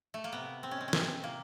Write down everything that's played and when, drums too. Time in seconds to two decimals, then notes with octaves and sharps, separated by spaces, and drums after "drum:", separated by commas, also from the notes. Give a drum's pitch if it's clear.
0.14 A3
0.24 A#3
0.32 C3 B3
0.63 C4
0.71 C#4
0.77 G#3 C4
0.88 C#4
0.93 C4, drum: snare
1.23 C3 A#3